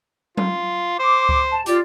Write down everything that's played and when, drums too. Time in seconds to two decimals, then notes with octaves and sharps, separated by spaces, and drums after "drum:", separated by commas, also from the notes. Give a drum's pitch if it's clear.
0.37 F4, drum: tom F#3
0.99 C5 D6
1.29 drum: kick C#2
1.50 A5
1.66 F4 G4 D5, drum: hi-hat